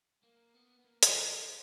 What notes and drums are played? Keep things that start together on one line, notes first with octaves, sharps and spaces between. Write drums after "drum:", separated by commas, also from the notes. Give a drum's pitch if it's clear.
A#3
B3
B3
A#3
A#3, drum: hi-hat
A3
G#3